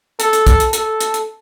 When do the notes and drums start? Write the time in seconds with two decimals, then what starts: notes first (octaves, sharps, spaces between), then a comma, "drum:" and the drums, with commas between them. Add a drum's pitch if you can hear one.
0.20 A4, drum: hi-hat
0.33 drum: hi-hat
0.47 drum: kick, hi-hat
0.60 drum: hi-hat
0.73 A4, drum: hi-hat
1.01 drum: hi-hat
1.14 drum: hi-hat